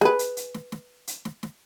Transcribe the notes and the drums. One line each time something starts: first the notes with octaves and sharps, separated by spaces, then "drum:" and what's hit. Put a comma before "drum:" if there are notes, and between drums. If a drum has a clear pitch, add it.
G#4 B4, drum: snare
drum: hi-hat
drum: hi-hat
drum: snare
drum: snare
drum: hi-hat
drum: snare
drum: snare